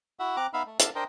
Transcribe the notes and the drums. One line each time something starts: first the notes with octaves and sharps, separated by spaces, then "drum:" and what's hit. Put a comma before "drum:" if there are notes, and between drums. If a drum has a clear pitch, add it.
E4 F#4 E5 F#5
C4 A#5 D6 F#6
B3 D#4 E5 F5 B5
A3
D4 E5 F5 A5 E6, drum: hi-hat
D4 A#4 C5 D#5 G5